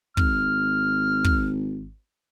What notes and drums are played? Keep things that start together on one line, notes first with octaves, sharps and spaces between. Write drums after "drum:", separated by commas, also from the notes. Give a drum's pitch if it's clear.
G#1 F6, drum: kick
drum: kick